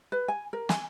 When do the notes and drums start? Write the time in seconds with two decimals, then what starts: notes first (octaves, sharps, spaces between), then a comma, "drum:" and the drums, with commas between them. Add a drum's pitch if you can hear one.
0.12 B4
0.28 G#5
0.53 A#4
0.69 G#5, drum: snare